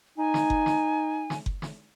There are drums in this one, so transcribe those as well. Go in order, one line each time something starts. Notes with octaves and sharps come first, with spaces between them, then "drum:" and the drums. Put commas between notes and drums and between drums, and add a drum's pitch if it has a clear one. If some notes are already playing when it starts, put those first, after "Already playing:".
D#4 G#5
drum: snare
drum: kick F#1
drum: snare
drum: snare
drum: kick F#1
drum: snare